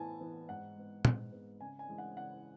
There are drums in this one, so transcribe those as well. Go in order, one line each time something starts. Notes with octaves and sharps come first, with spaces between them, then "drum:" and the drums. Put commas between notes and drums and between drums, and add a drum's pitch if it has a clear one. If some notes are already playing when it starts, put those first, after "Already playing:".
Already playing: A2 E3 B3 G#5 A5
E3 B3
G#2 F#5
G#3 B3
G#2, drum: tom
G#3 B3
C#3 G#5
G#5
E3 G#3 D4
F#5
C#3 F#5